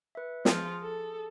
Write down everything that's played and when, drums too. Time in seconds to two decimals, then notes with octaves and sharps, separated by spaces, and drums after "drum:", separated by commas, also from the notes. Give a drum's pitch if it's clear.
0.15 B4 E5
0.45 F3 F4 G#4, drum: snare
0.82 A4